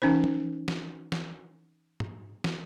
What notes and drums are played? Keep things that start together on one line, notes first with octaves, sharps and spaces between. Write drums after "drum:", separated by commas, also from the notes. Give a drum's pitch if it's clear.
E3 C#4 D#4 C5
drum: tom E3
drum: snare
drum: snare
drum: tom
drum: snare